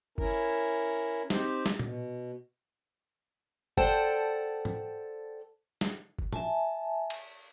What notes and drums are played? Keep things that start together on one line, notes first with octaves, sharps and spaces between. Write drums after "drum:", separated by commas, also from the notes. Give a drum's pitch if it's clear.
C#4 E4 A#4, drum: kick F#1
C4 D#4 G4 C5, drum: snare
drum: snare
B2, drum: tom A#2
A4 C5 D5 F#5 G5 A5, drum: kick F#1
drum: tom G#2
drum: snare
drum: kick F#1
E5 G#5 A5, drum: tom
drum: cymbal